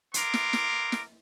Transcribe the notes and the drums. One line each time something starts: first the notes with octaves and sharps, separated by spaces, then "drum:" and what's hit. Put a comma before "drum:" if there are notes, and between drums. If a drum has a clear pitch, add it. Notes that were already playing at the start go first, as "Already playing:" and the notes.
B3 E4 A#4 C6 D6, drum: hi-hat
drum: snare
drum: snare
drum: snare